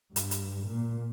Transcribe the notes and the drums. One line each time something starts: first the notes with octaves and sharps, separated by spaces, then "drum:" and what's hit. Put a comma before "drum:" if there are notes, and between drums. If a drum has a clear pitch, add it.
G2, drum: hi-hat
drum: hi-hat
A#2